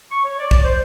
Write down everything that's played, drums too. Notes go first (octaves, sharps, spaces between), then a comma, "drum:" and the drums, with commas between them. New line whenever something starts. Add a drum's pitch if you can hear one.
C#6
C#5
D5
D5, drum: kick
C5